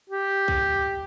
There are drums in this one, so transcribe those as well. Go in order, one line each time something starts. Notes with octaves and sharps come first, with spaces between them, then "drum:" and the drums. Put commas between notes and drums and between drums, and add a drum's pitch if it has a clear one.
G4
drum: kick B1